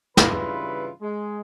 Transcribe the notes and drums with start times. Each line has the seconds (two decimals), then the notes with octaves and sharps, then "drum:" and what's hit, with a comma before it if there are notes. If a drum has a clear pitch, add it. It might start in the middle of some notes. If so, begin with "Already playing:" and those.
0.17 G2 C#3 E3 F4 B4 C6, drum: snare
1.01 G#3